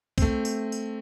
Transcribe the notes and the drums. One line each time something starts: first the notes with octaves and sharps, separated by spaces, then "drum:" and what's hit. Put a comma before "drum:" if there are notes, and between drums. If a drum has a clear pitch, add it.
A3 C4, drum: kick B1, tambourine
drum: tambourine
drum: tambourine